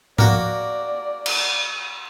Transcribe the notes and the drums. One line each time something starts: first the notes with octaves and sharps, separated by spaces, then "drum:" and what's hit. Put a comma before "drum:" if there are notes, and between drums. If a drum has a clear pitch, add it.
A#3 F#4 D5, drum: tom A2
drum: cymbal